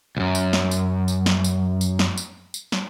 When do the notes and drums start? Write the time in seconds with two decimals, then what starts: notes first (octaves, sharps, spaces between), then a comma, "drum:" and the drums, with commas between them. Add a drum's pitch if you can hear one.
0.17 C#2 F#2
0.35 drum: tambourine
0.53 drum: snare
0.71 drum: tambourine
1.08 drum: tambourine
1.26 drum: snare
1.44 drum: tambourine
1.81 drum: tambourine
1.99 drum: snare
2.18 drum: tambourine
2.54 drum: tambourine
2.72 drum: snare